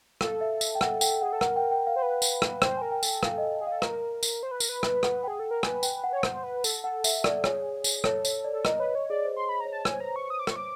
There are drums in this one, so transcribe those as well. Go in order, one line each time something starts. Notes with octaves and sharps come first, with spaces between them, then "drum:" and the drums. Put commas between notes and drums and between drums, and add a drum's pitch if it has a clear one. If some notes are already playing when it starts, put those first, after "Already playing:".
A4 F5, drum: rim click
E5
drum: tambourine
G5
F#5, drum: rim click
G5, drum: tambourine
G#4 F#5
A4
A#4 F#5, drum: rim click
G5
G5
F5
C5
B4
drum: tambourine
drum: rim click
C5 G5, drum: rim click
A#4 G#5
G5
A4 G5, drum: tambourine
F5, drum: rim click
D#5
D#5
G#4
F5
A4
A#4, drum: rim click
drum: tambourine
C5
B4
A#4, drum: tambourine
B4
drum: rim click
F#5, drum: rim click
G#4 G5
A4
A#4
B4 G#5, drum: rim click
G5, drum: tambourine
F#5
C#5
C5, drum: rim click
B4
A4, drum: tambourine
A4 F#5
E5, drum: tambourine
D5, drum: rim click
G#4 C#5, drum: rim click
drum: tambourine
A4 C#5, drum: rim click
C#5, drum: tambourine
D5
A4
A#4 D#5, drum: rim click
B4 C#5
C#5
G#4 D5
C5
C6
B5
C#5 A#5
A5
C#5 G#5, drum: rim click
C5
B4 A#5
C5
C#6
D#6
D6
C#6, drum: rim click
D6